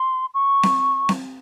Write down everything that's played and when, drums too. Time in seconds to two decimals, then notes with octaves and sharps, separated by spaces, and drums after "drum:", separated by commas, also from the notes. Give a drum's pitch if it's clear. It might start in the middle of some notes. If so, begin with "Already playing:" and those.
Already playing: C6
0.34 C#6
0.63 drum: snare C4
1.09 drum: snare C4